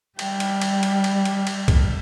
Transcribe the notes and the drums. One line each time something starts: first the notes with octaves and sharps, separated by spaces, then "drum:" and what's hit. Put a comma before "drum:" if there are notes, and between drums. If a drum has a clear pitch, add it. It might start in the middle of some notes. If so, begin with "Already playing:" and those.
G3 G5, drum: cymbal
drum: cymbal
drum: cymbal
drum: cymbal
drum: cymbal
drum: cymbal
drum: cymbal
drum: kick C2, cymbal